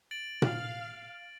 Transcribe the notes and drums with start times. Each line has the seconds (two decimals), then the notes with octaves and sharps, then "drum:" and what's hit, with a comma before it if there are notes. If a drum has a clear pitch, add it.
0.11 A6 D7 F#7
0.42 F5, drum: tom A#2